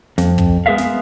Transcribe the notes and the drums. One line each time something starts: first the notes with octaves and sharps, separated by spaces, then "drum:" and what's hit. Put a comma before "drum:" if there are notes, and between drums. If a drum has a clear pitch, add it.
F2, drum: snare
drum: kick, hi-hat
G#3 B3 G#4 A#4 E5 F5
drum: snare